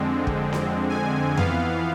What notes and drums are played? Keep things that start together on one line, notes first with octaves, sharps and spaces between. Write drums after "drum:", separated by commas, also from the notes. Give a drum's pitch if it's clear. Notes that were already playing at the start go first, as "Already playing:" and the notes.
Already playing: F2 D3 G#3 C4
drum: kick
drum: snare C4
G#5
F2 E3 B3 F5, drum: tom F2